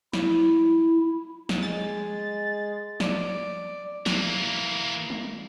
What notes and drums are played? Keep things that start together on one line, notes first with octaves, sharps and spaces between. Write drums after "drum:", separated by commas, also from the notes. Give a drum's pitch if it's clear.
E4, drum: snare
drum: snare
G#3 G#4 A6
D5, drum: snare
E3 A#3, drum: snare
drum: tom G3